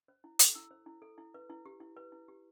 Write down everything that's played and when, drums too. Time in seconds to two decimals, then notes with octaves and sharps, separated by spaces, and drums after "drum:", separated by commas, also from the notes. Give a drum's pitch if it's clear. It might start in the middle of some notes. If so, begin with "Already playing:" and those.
0.08 C5
0.24 E4
0.39 A4, drum: hi-hat
0.55 E4 E6
0.71 C5
0.86 E4
1.02 A4
1.18 E4
1.34 B4
1.50 E4
1.66 G4
1.80 E4
1.97 B4
2.12 E4
2.28 G4